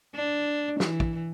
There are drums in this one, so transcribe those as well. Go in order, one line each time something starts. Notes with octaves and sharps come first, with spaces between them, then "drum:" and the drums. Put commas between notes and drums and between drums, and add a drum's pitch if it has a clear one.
D4
E3, drum: snare
drum: kick